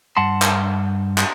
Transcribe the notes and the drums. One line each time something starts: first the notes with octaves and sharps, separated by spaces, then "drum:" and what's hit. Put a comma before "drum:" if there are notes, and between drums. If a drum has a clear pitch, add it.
G2 F#5 A5 C6
drum: clap
drum: clap